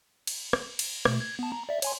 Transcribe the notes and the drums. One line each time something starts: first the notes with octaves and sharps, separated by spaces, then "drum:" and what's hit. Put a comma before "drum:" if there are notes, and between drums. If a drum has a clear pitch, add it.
drum: cymbal
drum: rim click
drum: cymbal
B2 A3, drum: rim click
G#6
B3 A5
A#5
D5 E5
C#5 G#5 C6, drum: cymbal